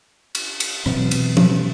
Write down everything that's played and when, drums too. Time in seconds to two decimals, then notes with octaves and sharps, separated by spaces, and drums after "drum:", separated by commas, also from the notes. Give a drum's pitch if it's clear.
0.35 drum: cymbal
0.60 drum: cymbal
0.86 B2 E3 F#3 C4, drum: rim click
1.11 drum: cymbal
1.37 drum: tom